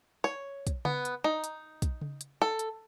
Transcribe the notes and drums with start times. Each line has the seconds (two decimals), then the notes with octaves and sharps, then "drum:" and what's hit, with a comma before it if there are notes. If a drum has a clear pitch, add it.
0.24 C#5
0.67 drum: kick, hi-hat
0.85 B3, drum: tom C#3
1.05 drum: hi-hat
1.24 D#4
1.44 drum: hi-hat
1.82 drum: kick, hi-hat
2.01 drum: tom C#3
2.21 drum: hi-hat
2.42 A4
2.59 drum: hi-hat